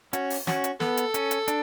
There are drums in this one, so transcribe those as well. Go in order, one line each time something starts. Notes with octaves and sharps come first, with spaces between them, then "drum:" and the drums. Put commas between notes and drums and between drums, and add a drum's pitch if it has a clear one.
C#4 F#4, drum: hi-hat
drum: open hi-hat
C#4 F#4, drum: snare
drum: hi-hat
B3 A4, drum: snare
drum: hi-hat
C#4, drum: hi-hat
drum: hi-hat
D4, drum: hi-hat